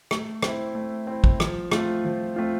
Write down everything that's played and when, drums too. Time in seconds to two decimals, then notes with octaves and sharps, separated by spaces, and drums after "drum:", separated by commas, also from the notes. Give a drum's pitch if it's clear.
0.11 A3, drum: rim click
0.42 C4 E4, drum: rim click
0.75 A3
1.07 C4 E4
1.24 drum: kick A1
1.40 F3, drum: rim click
1.72 A3 C4 F4, drum: rim click
2.05 F3
2.36 A3 C4 F4